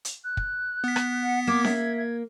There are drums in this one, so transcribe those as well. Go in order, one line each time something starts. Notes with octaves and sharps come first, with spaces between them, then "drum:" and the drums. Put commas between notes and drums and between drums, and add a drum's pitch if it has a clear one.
drum: hi-hat
F#6
drum: kick
B3 B6
drum: rim click
F#5
A#3 D6 G#6
E5, drum: snare C#4
G#6